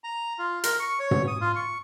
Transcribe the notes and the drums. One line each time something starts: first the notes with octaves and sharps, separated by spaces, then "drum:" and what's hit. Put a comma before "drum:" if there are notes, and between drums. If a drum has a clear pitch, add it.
A#5
F4
A#4, drum: hi-hat
C#6
C#5
drum: tom
D#6
F4
C#6